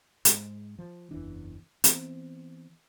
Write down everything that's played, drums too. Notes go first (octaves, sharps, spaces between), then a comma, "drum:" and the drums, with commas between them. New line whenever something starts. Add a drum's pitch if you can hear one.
G#2 G#3, drum: hi-hat
F3
F#1 E2 E3 D4
E3 B3 C4, drum: hi-hat